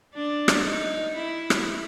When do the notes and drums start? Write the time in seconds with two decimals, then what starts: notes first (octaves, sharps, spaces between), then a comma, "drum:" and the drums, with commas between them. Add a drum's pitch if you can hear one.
0.14 D4
0.48 drum: rim click
0.65 D#4
1.16 E4
1.50 drum: rim click